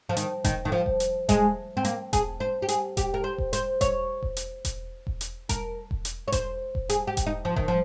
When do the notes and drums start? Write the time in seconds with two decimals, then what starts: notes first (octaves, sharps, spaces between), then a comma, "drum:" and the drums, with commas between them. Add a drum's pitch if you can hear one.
0.09 F3
0.17 D#3, drum: hi-hat
0.44 D#3, drum: kick E1, hi-hat
0.65 D#3
0.72 F3
0.86 drum: kick E1
1.00 drum: hi-hat
1.29 G#3, drum: kick E1, hi-hat
1.77 C4
1.85 A#3, drum: hi-hat
2.13 G#4, drum: kick E1, hi-hat
2.40 C5
2.62 G4
2.69 G#4, drum: hi-hat
2.97 G4, drum: kick E1, hi-hat
3.14 A#4
3.24 C5
3.38 drum: kick E1
3.53 C5, drum: hi-hat
3.81 C#5, drum: kick E1, hi-hat
4.23 drum: kick E1
4.37 drum: hi-hat
4.65 drum: kick E1, hi-hat
5.07 drum: kick E1
5.21 drum: hi-hat
5.49 A#4, drum: kick E1, hi-hat
5.91 drum: kick E1
6.05 drum: hi-hat
6.28 C#5
6.32 C5, drum: kick E1, hi-hat
6.75 drum: kick E1
6.89 G#4, drum: hi-hat
7.07 G4
7.17 drum: kick E1, hi-hat
7.26 D#4
7.45 F3
7.56 D#3, drum: kick E1
7.68 F3